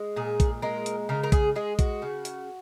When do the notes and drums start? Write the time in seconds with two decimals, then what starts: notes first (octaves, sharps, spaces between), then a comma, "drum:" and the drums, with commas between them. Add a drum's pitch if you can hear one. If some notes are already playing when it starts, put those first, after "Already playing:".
Already playing: G#3
0.16 A#2 G#4
0.40 drum: kick A#1, hi-hat
0.62 G#3 A#4
0.86 drum: hi-hat
1.09 C#3 A#4
1.23 A#4
1.32 G#4, drum: kick A#1, hi-hat
1.56 G#3 G#4
1.79 F#4, drum: kick A#1, hi-hat
2.02 C#3
2.25 drum: hi-hat